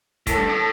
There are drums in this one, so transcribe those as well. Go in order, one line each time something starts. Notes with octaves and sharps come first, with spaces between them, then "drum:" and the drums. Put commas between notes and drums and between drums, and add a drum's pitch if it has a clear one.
A2 A4, drum: kick, hi-hat
G2
A2